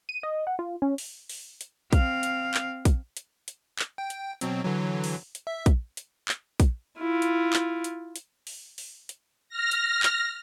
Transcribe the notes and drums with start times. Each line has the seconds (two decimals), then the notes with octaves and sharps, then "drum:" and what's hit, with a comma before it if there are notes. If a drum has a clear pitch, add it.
0.09 D#7
0.23 D#5
0.47 F#5
0.59 F4
0.82 C#4
0.98 drum: open hi-hat
1.29 drum: open hi-hat
1.61 drum: hi-hat
1.93 C4 F5, drum: kick, hi-hat
2.23 drum: hi-hat
2.54 drum: clap
2.85 drum: kick, hi-hat
3.17 drum: hi-hat
3.48 drum: hi-hat
3.79 drum: clap
3.98 G5
4.10 drum: hi-hat
4.41 B2 F#3 C4, drum: hi-hat
4.64 D3 E3 F#3
5.04 drum: open hi-hat
5.35 drum: hi-hat
5.47 E5
5.66 drum: kick, hi-hat
5.97 drum: hi-hat
6.28 drum: clap
6.60 drum: kick, hi-hat
6.98 E4 F4
7.22 drum: hi-hat
7.53 drum: clap
7.84 drum: hi-hat
8.16 drum: hi-hat
8.47 drum: open hi-hat
8.78 drum: open hi-hat
9.09 drum: hi-hat
9.49 F6 A#6
9.71 drum: hi-hat
10.03 drum: clap